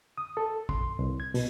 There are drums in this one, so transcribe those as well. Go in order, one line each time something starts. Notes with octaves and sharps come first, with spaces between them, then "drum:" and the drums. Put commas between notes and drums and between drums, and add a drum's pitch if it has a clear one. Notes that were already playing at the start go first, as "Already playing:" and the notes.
D#6
A4
C6, drum: kick
C2
G#6
B2, drum: open hi-hat